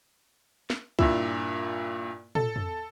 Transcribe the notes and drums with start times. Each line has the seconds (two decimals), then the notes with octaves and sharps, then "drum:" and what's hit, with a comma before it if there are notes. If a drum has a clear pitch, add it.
0.70 drum: snare
0.99 G2 A#2 E4, drum: kick C2
2.35 A4, drum: tom
2.56 drum: tom